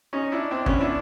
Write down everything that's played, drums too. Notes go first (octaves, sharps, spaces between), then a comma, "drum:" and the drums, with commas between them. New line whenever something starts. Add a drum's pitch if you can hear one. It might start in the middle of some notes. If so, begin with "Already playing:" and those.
C#4 D#4
D4 E4
C4 D4
B3 C#4, drum: kick
D4 E4